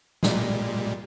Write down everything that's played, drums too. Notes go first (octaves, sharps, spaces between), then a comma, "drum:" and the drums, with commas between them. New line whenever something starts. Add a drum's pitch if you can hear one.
A#2 G3 G#3, drum: snare